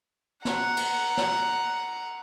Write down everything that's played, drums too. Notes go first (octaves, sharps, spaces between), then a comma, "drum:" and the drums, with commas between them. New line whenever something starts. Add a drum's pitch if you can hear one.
F#5 A#5, drum: snare
drum: cymbal
drum: snare